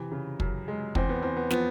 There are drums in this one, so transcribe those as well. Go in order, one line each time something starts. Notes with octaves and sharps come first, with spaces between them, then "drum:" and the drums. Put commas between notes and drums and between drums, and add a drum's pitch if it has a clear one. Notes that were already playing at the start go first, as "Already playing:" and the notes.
Already playing: C3 E3
C#3
F#2, drum: kick
G#3
E2 C4, drum: kick
B3
E2 C4
B3
F3 B3, drum: snare